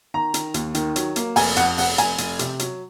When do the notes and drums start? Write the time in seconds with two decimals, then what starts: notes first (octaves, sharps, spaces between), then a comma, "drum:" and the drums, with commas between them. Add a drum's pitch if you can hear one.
0.14 D#3 A#5
0.34 D#3, drum: hi-hat
0.54 D#2, drum: hi-hat
0.75 D#3, drum: hi-hat
0.96 F#3, drum: hi-hat
1.16 A#3, drum: hi-hat
1.36 F1 G#5, drum: open hi-hat
1.57 F2 F#5, drum: hi-hat
1.78 F1 F#5, drum: open hi-hat
1.98 F1 G#5, drum: hi-hat
2.18 F1, drum: hi-hat
2.39 C3, drum: hi-hat
2.59 F#3, drum: hi-hat